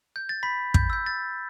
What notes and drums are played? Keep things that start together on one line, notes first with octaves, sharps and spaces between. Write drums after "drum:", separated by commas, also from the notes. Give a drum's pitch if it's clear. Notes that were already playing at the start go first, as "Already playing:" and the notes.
G6
A6
B5 B6
G6, drum: kick
E6 G6
A6